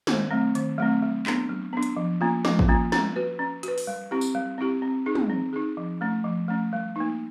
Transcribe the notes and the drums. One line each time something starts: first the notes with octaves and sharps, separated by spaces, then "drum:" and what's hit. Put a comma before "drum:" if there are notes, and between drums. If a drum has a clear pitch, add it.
D#3, drum: snare
F#3 A3 C4
D#3, drum: hi-hat
F#3 A3 C4
F#3
B3 D4, drum: clap
F#3
B3 D4
drum: hi-hat
F3
A#3 C#4 F4
F3, drum: snare
drum: kick
A#3 C#4 F4
C#4, drum: snare
F#4 B4
C#4
F#4 B4, drum: hi-hat
drum: open hi-hat
G3
C4 E4 G4
drum: tambourine
G3
C4 E4 G4
C4
D#4 G#4
drum: tom
C4
D#4 G#4
F3
A3 C#4
F3
A3 C#4
G3
A#3 D#4